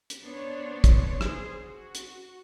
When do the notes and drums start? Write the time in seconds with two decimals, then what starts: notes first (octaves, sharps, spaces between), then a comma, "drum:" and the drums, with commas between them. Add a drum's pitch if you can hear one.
0.10 drum: hi-hat
0.22 B3 D4 C5 C#5
0.84 drum: kick, hi-hat
1.21 G#4 C5, drum: rim click
1.62 F#4
1.95 drum: hi-hat